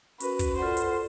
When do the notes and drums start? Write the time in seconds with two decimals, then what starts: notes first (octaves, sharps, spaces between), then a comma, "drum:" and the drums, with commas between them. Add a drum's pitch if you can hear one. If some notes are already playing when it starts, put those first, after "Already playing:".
0.20 C#4 F#4 A#4 B4, drum: hi-hat
0.39 drum: kick, hi-hat
0.58 F4 A4 C5 D5 F#5
0.77 drum: hi-hat